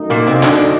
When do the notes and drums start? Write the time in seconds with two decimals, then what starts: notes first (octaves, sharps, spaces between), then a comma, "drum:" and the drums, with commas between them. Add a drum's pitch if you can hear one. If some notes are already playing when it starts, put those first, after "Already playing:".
Already playing: F#2 D#3 A3 D#4
0.10 A#2 A#3
0.26 C3 C4
0.43 D3 D4, drum: clap